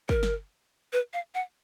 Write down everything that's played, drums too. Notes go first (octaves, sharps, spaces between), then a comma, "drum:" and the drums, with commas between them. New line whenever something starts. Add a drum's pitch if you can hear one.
A#4, drum: kick
drum: snare
B4
F5
F#5